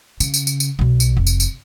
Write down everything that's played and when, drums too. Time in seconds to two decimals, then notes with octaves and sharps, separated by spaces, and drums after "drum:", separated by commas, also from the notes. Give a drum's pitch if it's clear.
0.20 C#3, drum: tambourine
0.34 drum: tambourine
0.47 drum: tambourine
0.60 drum: tambourine
0.79 B1 B2
1.00 drum: tambourine
1.17 F1
1.27 drum: tambourine
1.40 drum: tambourine